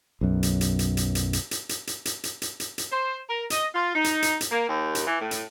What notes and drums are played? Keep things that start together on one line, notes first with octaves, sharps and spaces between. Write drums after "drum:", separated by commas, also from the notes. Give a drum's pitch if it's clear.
B1 F#2
drum: hi-hat
drum: hi-hat
drum: hi-hat
drum: hi-hat
drum: hi-hat
drum: hi-hat
drum: hi-hat
drum: hi-hat
drum: hi-hat
drum: hi-hat
drum: hi-hat
drum: hi-hat
drum: hi-hat
drum: hi-hat
C5
A#4
D#5, drum: hi-hat
F4
D#4
drum: hi-hat
drum: hi-hat
drum: hi-hat
A#3
D#2
drum: hi-hat
E3
A2
drum: hi-hat